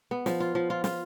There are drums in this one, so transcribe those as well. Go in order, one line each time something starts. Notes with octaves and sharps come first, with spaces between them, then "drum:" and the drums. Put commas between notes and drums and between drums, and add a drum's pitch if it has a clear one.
B3
F3, drum: snare
F4
F3
F4
F4, drum: snare